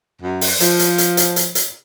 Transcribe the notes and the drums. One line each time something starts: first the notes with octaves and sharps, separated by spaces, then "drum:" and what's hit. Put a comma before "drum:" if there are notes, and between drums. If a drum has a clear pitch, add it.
F#2
drum: open hi-hat
F3, drum: hi-hat
drum: hi-hat
drum: hi-hat
drum: hi-hat
drum: hi-hat
drum: hi-hat